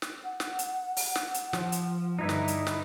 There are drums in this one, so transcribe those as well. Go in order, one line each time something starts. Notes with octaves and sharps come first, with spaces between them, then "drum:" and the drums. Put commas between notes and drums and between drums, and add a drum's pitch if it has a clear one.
drum: snare
F#5
drum: snare
drum: hi-hat
drum: open hi-hat
drum: snare
drum: hi-hat
F3, drum: snare
drum: hi-hat
G2 D3 D#4 E4 B4
drum: snare
drum: hi-hat
drum: snare